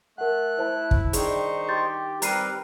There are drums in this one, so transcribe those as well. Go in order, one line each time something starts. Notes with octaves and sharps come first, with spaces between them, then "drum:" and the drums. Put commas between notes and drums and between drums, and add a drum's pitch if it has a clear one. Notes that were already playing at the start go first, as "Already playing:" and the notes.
A3 A#4 F#5 F#6
E4 C5 A5
drum: kick
D#3 G3 D4 D#4 G#4 C5 G5 C#6, drum: hi-hat
G4 C6 G6 A6
G3 C4 A#4 B4 A#5 C7 D#7, drum: hi-hat